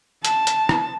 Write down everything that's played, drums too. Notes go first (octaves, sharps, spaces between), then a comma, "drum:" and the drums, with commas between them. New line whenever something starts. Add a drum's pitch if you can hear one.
A5, drum: hi-hat
drum: hi-hat
drum: rim click